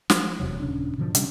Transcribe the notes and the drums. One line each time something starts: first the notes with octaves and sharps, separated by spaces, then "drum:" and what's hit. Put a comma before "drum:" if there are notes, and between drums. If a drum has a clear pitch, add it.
F3, drum: snare
F1 E2 C3 F#3
D#1 C#3 C#4 D4
G#2 B2 D3 F3
C3 G3 C#4 D4, drum: hi-hat